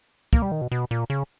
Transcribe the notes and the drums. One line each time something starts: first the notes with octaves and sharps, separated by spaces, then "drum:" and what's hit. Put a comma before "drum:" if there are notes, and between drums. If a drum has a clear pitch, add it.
A#3, drum: kick
G3
D#3
B2
B2
A#2
C#3